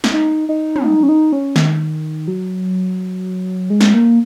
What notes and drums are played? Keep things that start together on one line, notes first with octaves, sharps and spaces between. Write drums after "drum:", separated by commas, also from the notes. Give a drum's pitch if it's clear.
drum: snare
D#4
D#4
C#4, drum: tom
D#4
C#4
D#4
C#4
D#3, drum: snare
F#3
G#3
drum: snare
A#3